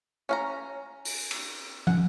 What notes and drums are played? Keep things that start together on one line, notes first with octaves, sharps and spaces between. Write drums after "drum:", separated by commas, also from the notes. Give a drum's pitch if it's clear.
C#4 F5 A#5
drum: open hi-hat
drum: cymbal
F#5, drum: tom